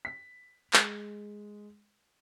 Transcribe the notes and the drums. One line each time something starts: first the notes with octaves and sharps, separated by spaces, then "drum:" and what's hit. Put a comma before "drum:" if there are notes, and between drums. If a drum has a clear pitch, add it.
B6
G#3, drum: clap